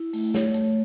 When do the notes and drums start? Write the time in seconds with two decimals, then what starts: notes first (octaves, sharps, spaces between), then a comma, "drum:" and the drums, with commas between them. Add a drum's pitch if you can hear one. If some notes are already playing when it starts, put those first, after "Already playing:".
Already playing: E4
0.13 A3, drum: open hi-hat
0.34 C#5, drum: snare
0.54 A3, drum: hi-hat